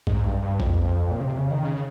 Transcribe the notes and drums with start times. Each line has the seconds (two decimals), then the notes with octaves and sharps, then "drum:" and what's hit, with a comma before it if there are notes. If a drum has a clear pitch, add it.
0.07 G#2, drum: kick A#1
0.25 G2
0.42 G2
0.60 F2, drum: kick A#1
1.11 A#2
1.20 C#3
1.25 C3
1.38 C#3
1.51 D#3
1.64 C#3